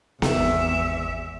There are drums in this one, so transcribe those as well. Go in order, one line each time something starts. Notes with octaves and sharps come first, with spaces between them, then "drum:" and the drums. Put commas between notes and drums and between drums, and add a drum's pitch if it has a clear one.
G#1 E2 E5, drum: snare B3